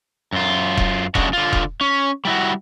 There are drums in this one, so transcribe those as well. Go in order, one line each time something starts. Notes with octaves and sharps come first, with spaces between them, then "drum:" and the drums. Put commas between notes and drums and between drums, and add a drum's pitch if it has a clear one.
F#2 F4
drum: kick E1
F#2 C#3 G#3 A3 D4 F#4, drum: kick E1
D3 F4
drum: kick E1
C#4
G3 E4 F#4